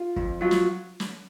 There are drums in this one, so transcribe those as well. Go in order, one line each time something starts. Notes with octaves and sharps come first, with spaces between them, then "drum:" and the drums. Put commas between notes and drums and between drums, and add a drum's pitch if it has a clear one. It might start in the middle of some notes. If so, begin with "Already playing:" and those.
Already playing: F4
F2, drum: kick
F#3 F4
drum: snare
drum: snare